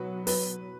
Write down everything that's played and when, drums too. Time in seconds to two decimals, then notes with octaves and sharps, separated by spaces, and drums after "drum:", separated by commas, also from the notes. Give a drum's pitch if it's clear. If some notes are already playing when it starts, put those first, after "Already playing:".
Already playing: B2 F#3 B3 F#4 B4
0.27 B4, drum: open hi-hat